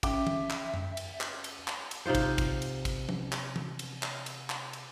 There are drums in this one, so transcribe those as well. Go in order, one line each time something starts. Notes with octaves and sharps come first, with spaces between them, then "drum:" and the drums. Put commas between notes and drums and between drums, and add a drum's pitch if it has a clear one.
C#3 E5 G5 D6, drum: kick, cymbal
drum: tom E3
drum: clap
drum: tom F#2
drum: cymbal
drum: clap
drum: cymbal
drum: clap
drum: cymbal
C3 D#4 F4 C5
drum: kick, cymbal
drum: kick, cymbal
drum: cymbal
drum: kick, cymbal
drum: tom F3
drum: clap
drum: tom E3
drum: cymbal
drum: clap
drum: cymbal
drum: clap
drum: cymbal